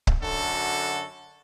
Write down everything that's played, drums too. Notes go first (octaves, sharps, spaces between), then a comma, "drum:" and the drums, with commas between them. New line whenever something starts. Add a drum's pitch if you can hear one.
drum: kick C#1
F#2 D3 F#4 A4